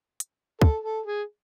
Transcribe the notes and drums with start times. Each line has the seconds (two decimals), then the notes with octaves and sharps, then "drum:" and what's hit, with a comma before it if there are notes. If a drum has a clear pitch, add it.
0.20 drum: hi-hat
0.61 A4, drum: kick
0.84 A4
1.06 G#4